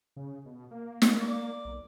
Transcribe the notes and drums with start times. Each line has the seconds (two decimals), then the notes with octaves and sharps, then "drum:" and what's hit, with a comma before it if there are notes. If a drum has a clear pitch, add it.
0.16 C#3
0.45 B2
0.71 A#3
1.02 drum: snare
1.21 D5
1.65 B1